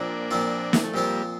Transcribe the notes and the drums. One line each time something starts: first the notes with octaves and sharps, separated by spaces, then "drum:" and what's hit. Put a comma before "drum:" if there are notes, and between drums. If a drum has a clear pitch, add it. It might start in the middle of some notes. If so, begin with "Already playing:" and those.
Already playing: A#2 F3 A#3 C4 D4 F4
A#2 F3 C4 F4
drum: snare
A3
A#2 F3 G3 A#3 C4 F4